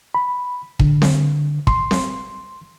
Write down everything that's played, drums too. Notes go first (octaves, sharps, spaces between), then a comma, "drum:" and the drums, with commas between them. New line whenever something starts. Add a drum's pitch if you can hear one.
B5
D3, drum: kick
drum: snare C4
C6, drum: kick
drum: snare C4